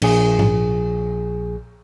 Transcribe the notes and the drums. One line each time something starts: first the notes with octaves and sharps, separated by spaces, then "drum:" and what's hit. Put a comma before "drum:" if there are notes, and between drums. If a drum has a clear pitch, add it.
A#1 G#4, drum: cymbal
drum: tom G#2